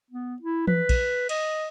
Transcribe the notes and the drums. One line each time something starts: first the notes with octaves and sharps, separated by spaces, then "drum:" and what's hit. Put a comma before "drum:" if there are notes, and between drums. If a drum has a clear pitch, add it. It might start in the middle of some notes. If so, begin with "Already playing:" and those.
B3
E4
B4, drum: tom E3
drum: kick, cymbal
D#5, drum: cymbal